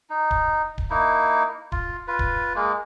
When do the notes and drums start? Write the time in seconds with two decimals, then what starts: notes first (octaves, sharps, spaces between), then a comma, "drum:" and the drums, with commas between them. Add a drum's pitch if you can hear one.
0.10 D#4
0.31 drum: kick D1
0.78 drum: kick D1
0.90 A#3 D#4 E4
1.72 F4, drum: kick D1
2.08 F4 B4
2.19 drum: kick D1
2.56 G#3 A#3